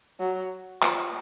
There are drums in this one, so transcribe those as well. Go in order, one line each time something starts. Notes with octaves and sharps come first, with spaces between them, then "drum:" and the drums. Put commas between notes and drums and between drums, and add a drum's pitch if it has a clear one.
F#3
F3, drum: clap